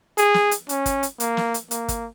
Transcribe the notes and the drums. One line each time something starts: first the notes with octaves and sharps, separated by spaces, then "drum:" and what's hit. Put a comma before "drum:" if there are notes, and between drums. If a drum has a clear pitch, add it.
G#4, drum: hi-hat
drum: snare
drum: hi-hat
C#4, drum: hi-hat
drum: kick, hi-hat
drum: hi-hat
A#3, drum: hi-hat
drum: snare
drum: hi-hat
A#3, drum: hi-hat
drum: kick, hi-hat